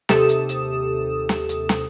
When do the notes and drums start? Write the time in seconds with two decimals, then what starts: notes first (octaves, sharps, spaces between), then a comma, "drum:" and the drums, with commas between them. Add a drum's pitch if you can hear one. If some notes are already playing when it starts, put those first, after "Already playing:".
0.09 D#2 C3 G4 A4 D#6 E7, drum: snare
0.29 drum: hi-hat
0.49 drum: hi-hat
1.29 drum: snare
1.49 drum: hi-hat
1.69 drum: snare